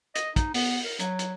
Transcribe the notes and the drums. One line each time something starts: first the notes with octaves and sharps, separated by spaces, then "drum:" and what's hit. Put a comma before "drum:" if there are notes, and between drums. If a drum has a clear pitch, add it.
D#5, drum: hi-hat
D#4, drum: kick, hi-hat
B3, drum: open hi-hat
A#4
F#3, drum: hi-hat
drum: hi-hat